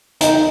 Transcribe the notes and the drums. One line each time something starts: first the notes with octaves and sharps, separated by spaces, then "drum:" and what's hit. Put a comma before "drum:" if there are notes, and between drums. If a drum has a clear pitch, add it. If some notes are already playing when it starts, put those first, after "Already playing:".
D#4, drum: hi-hat